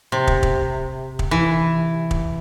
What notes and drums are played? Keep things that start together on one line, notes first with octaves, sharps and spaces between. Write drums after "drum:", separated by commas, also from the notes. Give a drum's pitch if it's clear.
C3
drum: kick
drum: kick
drum: kick
E3
drum: kick